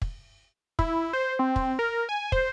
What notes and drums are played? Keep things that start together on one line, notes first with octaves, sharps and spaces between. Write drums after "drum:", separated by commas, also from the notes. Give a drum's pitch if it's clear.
drum: kick
E4, drum: kick
C5
C4
drum: kick
A#4
G#5
C5, drum: kick